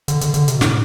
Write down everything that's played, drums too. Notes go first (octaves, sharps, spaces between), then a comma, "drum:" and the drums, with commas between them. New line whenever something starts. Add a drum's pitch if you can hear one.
D3, drum: hi-hat
D3, drum: hi-hat
D3, drum: hi-hat
C3, drum: hi-hat
B2
A2, drum: snare